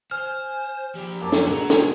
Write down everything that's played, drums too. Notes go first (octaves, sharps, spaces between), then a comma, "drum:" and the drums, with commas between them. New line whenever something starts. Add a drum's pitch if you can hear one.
C5 G#5 F6
F3 G4 D5
F#2 A#3 A5 D6
drum: snare
B2 D3 F#4 G#4 A#5
drum: snare